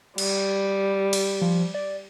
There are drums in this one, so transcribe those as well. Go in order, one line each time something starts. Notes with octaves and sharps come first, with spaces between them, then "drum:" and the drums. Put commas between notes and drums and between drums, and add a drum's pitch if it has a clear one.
G3, drum: cymbal
drum: cymbal
F3
D5